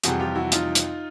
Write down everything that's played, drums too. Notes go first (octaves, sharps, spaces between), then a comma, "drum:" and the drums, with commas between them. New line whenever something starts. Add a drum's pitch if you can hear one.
F2 C3 E3 G3 F#4 G#4, drum: hi-hat
F4 G4
E4 F#4
D#4 F4, drum: hi-hat
drum: hi-hat